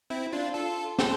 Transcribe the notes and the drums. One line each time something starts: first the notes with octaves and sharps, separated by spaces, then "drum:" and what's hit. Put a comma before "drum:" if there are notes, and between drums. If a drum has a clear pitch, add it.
C4 E4
D4 F4
F4 A4
A4 C5, drum: snare